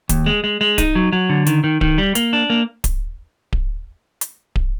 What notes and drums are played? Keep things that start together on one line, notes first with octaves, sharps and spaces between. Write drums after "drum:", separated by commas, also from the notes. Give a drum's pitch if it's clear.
D#2, drum: kick D1, hi-hat
G#3
G#3
G#3
D#4, drum: kick D1, hi-hat
F#3
F#3
D3
D#3, drum: hi-hat
D#3
D#3, drum: kick D1
G3
A#3, drum: hi-hat
D4
A#3
drum: kick D1, hi-hat
drum: kick D1
drum: hi-hat
drum: kick D1